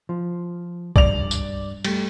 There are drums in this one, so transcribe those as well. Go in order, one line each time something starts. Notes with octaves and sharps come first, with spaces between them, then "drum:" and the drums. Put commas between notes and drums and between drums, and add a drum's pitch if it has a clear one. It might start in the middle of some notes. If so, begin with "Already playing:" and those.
F3
G2 D5 F7, drum: kick
drum: tambourine
G3 A3, drum: cymbal